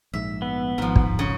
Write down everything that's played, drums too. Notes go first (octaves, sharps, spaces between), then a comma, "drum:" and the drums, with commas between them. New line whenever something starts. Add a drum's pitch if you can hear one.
A#1 G#2 E5
B3
G#1 G#2 F3
drum: kick
C#3